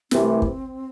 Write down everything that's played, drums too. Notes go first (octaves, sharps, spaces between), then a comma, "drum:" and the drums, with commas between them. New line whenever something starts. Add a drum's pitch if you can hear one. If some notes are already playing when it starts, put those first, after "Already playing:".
C2 C3 E3 A3 C4, drum: snare
drum: kick